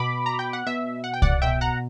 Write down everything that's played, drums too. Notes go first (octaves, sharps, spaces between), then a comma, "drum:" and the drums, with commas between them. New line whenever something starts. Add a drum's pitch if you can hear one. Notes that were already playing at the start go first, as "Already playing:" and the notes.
Already playing: B2 B5 D6
A#5
G5
F#5
B2 E5
F#5
G5
D5 F#5, drum: kick C2
B2 E5 G5
F#5 A#5